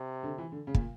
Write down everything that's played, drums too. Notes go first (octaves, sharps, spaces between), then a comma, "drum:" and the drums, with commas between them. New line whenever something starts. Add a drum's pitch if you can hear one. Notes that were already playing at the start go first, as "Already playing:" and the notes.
Already playing: C3
D3
E3
D3
C#3
A#2, drum: kick